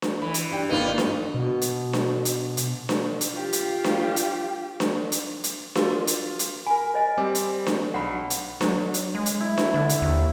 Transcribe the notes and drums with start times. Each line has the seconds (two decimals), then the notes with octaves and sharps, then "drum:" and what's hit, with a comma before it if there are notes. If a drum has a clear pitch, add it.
0.02 drum: snare D4
0.22 E3 B5
0.34 drum: hi-hat
0.51 G2 D4 G5
0.69 G#1 A#3 D#4 F4 B4
0.98 drum: snare D4
1.35 B2
1.61 drum: hi-hat
1.93 drum: snare D4
2.25 drum: hi-hat
2.57 drum: hi-hat
2.89 drum: snare D4
3.21 drum: hi-hat
3.33 F4 G4
3.53 drum: hi-hat
3.84 drum: snare D4
4.16 drum: hi-hat
4.80 drum: snare D4
5.12 drum: hi-hat
5.44 drum: hi-hat
5.75 F4 F#4 A#4 D6, drum: snare D4
6.07 drum: hi-hat
6.39 drum: hi-hat
6.66 A#4 G#5 B5
6.94 C5 D#5 G#5
7.17 G3 C4 D6
7.35 drum: hi-hat
7.66 drum: snare D4
7.94 B1 F#5 B5
8.30 drum: hi-hat
8.61 F#3, drum: snare D4
8.94 drum: hi-hat
9.15 G#3
9.26 drum: hi-hat
9.40 E4
9.58 drum: snare D4
9.74 D3
9.89 drum: hi-hat
10.02 D#2